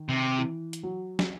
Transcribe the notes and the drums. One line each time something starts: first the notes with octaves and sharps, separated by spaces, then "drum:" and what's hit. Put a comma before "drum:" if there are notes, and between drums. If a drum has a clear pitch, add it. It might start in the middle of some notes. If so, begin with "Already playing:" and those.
Already playing: D#3
C3
E3
drum: hi-hat
F#3
drum: snare